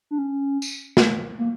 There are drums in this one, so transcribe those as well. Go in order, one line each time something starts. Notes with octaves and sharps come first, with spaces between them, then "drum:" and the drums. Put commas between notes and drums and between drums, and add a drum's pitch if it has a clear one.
D4
C#4
drum: tambourine
drum: snare
A#3